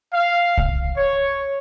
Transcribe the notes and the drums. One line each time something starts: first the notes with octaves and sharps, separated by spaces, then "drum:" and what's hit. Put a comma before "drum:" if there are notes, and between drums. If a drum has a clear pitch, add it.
F5
drum: kick C2
C#5